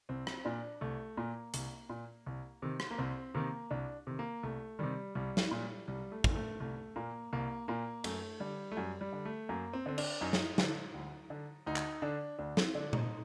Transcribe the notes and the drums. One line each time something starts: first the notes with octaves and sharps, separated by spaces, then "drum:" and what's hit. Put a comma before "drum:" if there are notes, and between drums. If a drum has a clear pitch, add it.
C2 C4
drum: rim click
A#2 D4
C2 A3
A#2 A#3
C2, drum: hi-hat
A#2
C2
C3 D#3
drum: rim click
A#3
C2 C4
C3 D#3 A#3
C2 D4
C3 D#3
A#3
C2 A3
C3 D#3 G3
C2 G3
drum: snare
A#2
C2 G3
A3
A#2, drum: kick
A3
C2 A3
A#2 A#3
C2 A#3
A#2 A#3
F#2 A3, drum: cymbal
D3 G3
A3
F#2 G3
G3
D3
A3
F#2 A#3
C4
D3 C4
D4, drum: cymbal
F#2 D#4
drum: snare
D3, drum: snare
D2
D3
D2 D#4
drum: clap
D3 D4
D2 D4
C4, drum: snare
D3 D4
D#4, drum: tom A#2